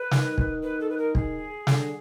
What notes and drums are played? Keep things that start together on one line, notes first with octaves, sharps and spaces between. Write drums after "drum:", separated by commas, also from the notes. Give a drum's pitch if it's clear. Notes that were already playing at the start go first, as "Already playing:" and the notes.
Already playing: B4
D#3, drum: snare
drum: kick
B4
A4
B4
A#4
G#4, drum: kick
D3, drum: snare